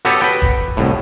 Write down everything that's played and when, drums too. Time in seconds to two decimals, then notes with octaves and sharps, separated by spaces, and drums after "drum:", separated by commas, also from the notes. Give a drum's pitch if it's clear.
0.05 B3 F#4 G4 A4 B4 C#5
0.21 B4 G5
0.42 drum: kick
0.77 C2 A2